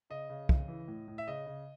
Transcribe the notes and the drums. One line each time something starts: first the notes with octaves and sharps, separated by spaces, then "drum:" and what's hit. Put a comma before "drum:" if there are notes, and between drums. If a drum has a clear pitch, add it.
C#3 D#5
C#3
C#3, drum: kick
E3
A2
A2
E5
C#3 D#5
C#3